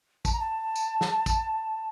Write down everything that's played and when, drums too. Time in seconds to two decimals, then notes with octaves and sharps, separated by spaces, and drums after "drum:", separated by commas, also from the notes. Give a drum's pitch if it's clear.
0.25 A5, drum: kick, tambourine
0.33 A#5
0.40 A5
0.76 drum: tambourine
1.01 drum: snare
1.26 drum: kick, tambourine